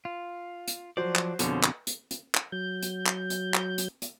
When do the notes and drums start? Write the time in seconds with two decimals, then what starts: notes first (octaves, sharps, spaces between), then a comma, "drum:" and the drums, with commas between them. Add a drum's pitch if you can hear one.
0.05 F4
0.68 drum: hi-hat
0.97 F3 F#3 C5 D5
1.15 drum: clap
1.39 F2 B2 D3 G#4 C5 C#5, drum: hi-hat
1.63 drum: clap
1.87 drum: hi-hat
2.11 drum: hi-hat
2.35 drum: clap
2.52 F#3 G6
2.82 drum: hi-hat
3.06 drum: clap
3.30 drum: hi-hat
3.54 drum: clap
3.78 drum: hi-hat
4.02 drum: hi-hat